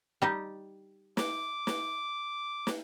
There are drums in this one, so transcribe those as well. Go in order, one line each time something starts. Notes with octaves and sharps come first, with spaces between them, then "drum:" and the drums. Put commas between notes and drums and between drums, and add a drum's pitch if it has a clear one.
G3 D#4 G4
D6, drum: snare
drum: snare
drum: snare